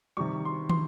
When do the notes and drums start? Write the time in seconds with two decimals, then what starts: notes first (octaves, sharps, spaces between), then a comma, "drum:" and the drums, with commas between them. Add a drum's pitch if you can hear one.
0.17 C3 D#3 G3 C#6
0.45 C6
0.69 C6, drum: tom